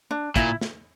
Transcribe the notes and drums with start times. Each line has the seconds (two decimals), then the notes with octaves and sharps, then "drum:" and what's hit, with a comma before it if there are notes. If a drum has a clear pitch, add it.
0.11 D4
0.36 A#2 E4, drum: kick, hi-hat
0.61 drum: snare